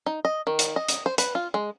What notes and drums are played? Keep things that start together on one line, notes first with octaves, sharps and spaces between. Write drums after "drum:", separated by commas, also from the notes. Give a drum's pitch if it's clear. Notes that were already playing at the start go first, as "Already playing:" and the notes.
D#4
D#5
D#3
drum: hi-hat
D#5
drum: hi-hat
C5
B4, drum: hi-hat
F4
G#3